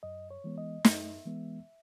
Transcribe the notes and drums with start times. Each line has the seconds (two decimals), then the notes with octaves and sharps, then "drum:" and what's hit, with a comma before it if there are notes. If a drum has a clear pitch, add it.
0.03 F#2 D#5
0.31 C#5
0.44 E3 G#3 B3
0.58 D#5
0.85 F#2 E5, drum: snare
1.25 E3 G#3 B3